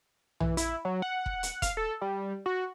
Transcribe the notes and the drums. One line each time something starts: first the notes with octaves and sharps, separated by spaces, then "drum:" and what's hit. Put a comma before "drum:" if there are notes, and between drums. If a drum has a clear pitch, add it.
E3, drum: tom A#1
E4, drum: hi-hat
F#3
F#5
drum: kick
drum: hi-hat
F5, drum: kick, hi-hat
A4
G3
F#4